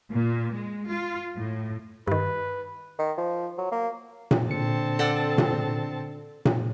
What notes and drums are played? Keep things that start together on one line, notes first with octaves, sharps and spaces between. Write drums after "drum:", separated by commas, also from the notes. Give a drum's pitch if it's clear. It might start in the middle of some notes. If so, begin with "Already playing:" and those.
A#2
G#3
F4
A2
G2 D#3 B4
D#3
F3
F#3
A#3
drum: tom A#2
A#2 D3 C4 A5 C#7
A4 D5 F#5
drum: tom A#2
drum: tom A#2